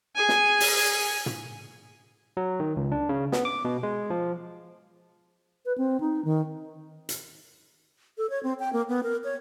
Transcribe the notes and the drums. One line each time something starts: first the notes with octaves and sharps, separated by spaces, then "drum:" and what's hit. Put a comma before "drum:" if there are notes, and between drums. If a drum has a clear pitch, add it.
G#4 G#5
drum: snare
drum: open hi-hat
drum: tom
F#3
D#3
C#2
D4
C#3
B3, drum: snare
D6
B2
G#3
F3
B4
C4
D#4
D#3
drum: hi-hat
A4
C#5
C4
G5
A#3
B3
A#4
C#5